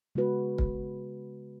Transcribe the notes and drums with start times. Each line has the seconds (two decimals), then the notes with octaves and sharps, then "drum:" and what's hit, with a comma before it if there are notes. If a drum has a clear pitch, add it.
0.15 C#3 G#3 B3 F#4 B4
0.58 drum: kick